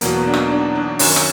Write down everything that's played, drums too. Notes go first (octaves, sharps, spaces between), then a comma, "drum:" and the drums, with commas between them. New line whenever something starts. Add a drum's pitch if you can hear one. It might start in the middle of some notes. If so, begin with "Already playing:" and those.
E2 B2 F#3 A#3, drum: hi-hat
B3
D4
D#4, drum: rim click
D4
D4
F#2 D#3 F#3 C#4, drum: open hi-hat
drum: rim click